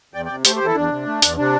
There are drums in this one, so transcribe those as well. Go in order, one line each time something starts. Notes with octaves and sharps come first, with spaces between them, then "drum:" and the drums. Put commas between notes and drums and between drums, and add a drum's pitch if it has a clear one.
E2 D5 G5
C3 D5 G5
A3 G4 C5, drum: hi-hat
G4 C5
E2 E4 A4
E2 D4
C3
A3
E2, drum: hi-hat
C3 D4